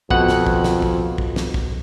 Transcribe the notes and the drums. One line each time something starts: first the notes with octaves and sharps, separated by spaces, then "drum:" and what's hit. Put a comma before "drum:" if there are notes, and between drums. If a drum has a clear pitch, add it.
F2 B2 F#5, drum: kick
drum: snare
drum: kick
drum: snare
drum: kick
drum: kick
drum: snare
drum: kick